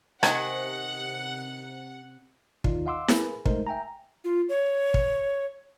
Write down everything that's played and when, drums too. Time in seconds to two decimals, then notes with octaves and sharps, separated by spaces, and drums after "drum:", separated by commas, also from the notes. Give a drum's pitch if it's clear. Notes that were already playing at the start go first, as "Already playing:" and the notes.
0.23 C3 D#3 F#5 G#5, drum: rim click
2.64 D#2 D#3 D#4 F4 D5, drum: kick
2.86 D#5 F5 F#5 C6 D6 E6
3.08 G#4 A#4 B4 G#5 B5, drum: snare E4
3.45 G#3 A3 D#4 A#4 C5 D#5, drum: kick
3.67 E5 G5 G#5 A#5
4.24 F4
4.49 C#5
4.94 drum: kick